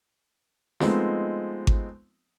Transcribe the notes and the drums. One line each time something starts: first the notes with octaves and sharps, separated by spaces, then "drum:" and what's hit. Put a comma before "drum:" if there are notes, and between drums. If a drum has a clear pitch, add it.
F3 G#3 A3 B3 C4 D#4, drum: snare
drum: kick G#1